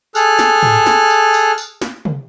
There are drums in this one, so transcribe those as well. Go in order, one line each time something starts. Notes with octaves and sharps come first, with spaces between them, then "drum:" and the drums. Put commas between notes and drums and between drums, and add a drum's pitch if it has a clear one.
G#4 A4 F6 F#6, drum: tambourine
drum: snare
drum: tom G#2
drum: snare
drum: tambourine
drum: tambourine
drum: tambourine
drum: snare
drum: tom